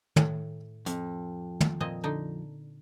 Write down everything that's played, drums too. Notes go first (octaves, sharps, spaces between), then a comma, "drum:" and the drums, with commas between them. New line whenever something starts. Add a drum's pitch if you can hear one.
A2, drum: tom
F2, drum: hi-hat
drum: tom
A#2 C4 D#5
D3 D#4